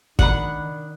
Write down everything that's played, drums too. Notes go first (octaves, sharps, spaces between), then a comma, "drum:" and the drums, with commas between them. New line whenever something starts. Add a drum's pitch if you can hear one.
D#3 D4 F#5 B5, drum: kick